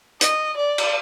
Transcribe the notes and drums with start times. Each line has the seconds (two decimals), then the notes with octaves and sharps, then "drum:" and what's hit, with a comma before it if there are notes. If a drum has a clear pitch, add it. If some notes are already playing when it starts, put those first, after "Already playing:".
0.21 D#5, drum: hi-hat
0.56 D5
0.78 drum: cymbal